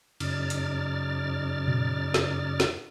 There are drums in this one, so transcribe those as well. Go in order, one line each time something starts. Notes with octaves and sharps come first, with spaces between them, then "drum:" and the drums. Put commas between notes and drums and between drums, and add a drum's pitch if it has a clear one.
F#2 C#3 D#4 D5 F6 A6, drum: cymbal
drum: hi-hat
drum: tom A#2
drum: snare
drum: snare